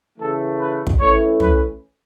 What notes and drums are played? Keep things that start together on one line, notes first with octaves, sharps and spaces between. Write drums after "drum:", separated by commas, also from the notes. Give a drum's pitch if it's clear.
C#3 E3 A3 A4
B4
drum: kick
E3 A3 C#4 E4 C#5
B4, drum: tom